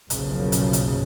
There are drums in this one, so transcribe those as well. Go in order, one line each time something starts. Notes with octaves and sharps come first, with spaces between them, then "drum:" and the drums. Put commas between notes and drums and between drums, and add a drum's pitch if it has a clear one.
F#1 B1 F#2 C#3 F3, drum: hi-hat
drum: hi-hat
drum: hi-hat